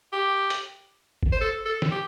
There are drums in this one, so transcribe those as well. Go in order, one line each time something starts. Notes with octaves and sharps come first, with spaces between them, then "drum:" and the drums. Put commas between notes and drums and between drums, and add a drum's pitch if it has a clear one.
G4
drum: hi-hat
drum: kick G1
C5
A4
A4
drum: snare
G4